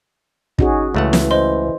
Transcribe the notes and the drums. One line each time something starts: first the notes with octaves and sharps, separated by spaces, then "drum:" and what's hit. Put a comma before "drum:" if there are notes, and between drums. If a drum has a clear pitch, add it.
C#4 D#4 F#4 G#4, drum: kick
C#2 E3 A3 F#5
drum: snare
C5 D#5 C6